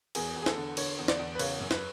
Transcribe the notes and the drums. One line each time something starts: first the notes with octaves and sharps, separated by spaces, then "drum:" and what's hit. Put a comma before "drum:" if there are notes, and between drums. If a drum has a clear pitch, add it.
E2 G#4, drum: cymbal
E2
G#4
A4, drum: snare
D3
D3 C#5, drum: cymbal
E2
D5, drum: snare
E2
B4
C#3 C#5, drum: cymbal
F#2
B4, drum: snare